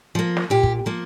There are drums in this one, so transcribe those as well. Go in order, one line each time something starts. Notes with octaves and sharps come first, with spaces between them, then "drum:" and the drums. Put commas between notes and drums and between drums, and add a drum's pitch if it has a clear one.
F3 A#3
drum: snare
A#2 G4
drum: kick
F3 A#3